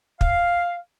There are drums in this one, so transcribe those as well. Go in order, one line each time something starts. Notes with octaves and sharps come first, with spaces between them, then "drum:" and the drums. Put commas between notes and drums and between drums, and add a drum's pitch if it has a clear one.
F5, drum: kick